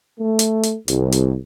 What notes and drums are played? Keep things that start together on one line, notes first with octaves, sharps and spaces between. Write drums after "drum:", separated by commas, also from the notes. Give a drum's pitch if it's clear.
A3
drum: hi-hat
drum: hi-hat
C2, drum: hi-hat
drum: hi-hat